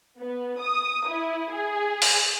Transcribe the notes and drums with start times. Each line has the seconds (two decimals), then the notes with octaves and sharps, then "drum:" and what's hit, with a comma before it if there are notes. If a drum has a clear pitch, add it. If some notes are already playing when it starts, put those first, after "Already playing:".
0.21 B3
0.60 D#6
1.07 E4
1.53 G#4
2.02 drum: open hi-hat